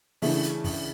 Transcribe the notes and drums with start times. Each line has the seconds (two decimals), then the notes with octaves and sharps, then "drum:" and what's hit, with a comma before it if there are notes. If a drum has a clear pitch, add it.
0.22 C#3 E3 A3 D4, drum: open hi-hat
0.43 drum: hi-hat
0.64 drum: kick, open hi-hat